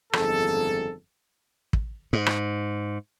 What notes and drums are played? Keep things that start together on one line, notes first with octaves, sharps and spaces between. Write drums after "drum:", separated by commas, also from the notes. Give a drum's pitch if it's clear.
G1 F2 G#2 D#3 G#4 A4, drum: rim click
drum: kick
G#2
drum: rim click